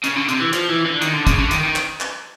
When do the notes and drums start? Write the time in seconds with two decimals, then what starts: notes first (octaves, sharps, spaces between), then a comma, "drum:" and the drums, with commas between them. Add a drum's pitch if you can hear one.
0.04 C#3, drum: hi-hat
0.16 D3
0.29 C3, drum: hi-hat
0.40 E3
0.53 F3, drum: hi-hat
0.69 E3
0.86 D3
1.02 D#3, drum: hi-hat
1.14 D3
1.27 C#3, drum: kick, hi-hat
1.38 D3
1.51 D#3, drum: hi-hat
1.64 D#3
1.76 drum: clap
2.00 drum: clap